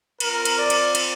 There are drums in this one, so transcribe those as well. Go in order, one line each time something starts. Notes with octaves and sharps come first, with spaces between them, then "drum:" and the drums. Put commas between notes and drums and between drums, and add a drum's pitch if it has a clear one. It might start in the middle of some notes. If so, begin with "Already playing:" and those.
C4 F4 A#4, drum: cymbal
drum: cymbal
D5
drum: cymbal
drum: cymbal